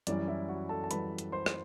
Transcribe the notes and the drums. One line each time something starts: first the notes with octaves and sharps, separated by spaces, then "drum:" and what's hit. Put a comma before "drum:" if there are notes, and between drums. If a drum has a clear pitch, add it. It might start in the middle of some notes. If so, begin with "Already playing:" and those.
F#2 E3 G3 D5, drum: hi-hat
E4 E5
F#4 F#5
A4 A5
A5
F#2 E3 G3 B4 B5, drum: hi-hat
drum: hi-hat
C5 C6
drum: rim click